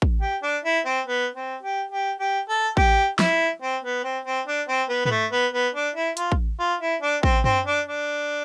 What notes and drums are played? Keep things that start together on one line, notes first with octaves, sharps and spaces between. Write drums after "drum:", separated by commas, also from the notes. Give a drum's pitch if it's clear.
drum: kick
G4
D4
E4
C4
B3
C4
G4
G4
G4
A4
G4, drum: kick
E4, drum: snare
C4
B3
C4
C4
D4
C4
B3
B3, drum: tom G#2
A3
B3
B3
D4
E4
F4, drum: hi-hat
drum: kick
F4
E4
D4
C4, drum: kick
C4, drum: tom
D4
D4